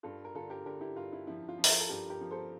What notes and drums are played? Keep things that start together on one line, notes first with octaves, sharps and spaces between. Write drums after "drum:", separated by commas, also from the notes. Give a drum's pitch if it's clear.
G2 F4 A4
A#4
D3 F4 A4
G4 A#4
D3 G4 A#4
E4 G4
G2 F4
E4
F3 E4
F4
F3
A#4, drum: open hi-hat
F4 A4
A4
G2 G4 A#4
G4 A#4
F3
A4 C5